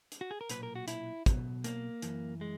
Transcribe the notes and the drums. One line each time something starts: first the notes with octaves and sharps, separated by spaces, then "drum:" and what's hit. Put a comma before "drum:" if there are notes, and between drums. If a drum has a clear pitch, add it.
drum: hi-hat
F#4
G#4
A#4
B1 A#2 B4, drum: hi-hat
A#4
F#4
E4, drum: hi-hat
B1 B2, drum: kick, hi-hat
A#3, drum: hi-hat
F#2 E3, drum: hi-hat
G#3